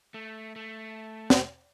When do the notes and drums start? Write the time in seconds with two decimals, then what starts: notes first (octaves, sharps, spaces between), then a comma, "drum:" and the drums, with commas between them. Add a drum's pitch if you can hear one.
0.14 A3
0.56 A3
1.30 drum: snare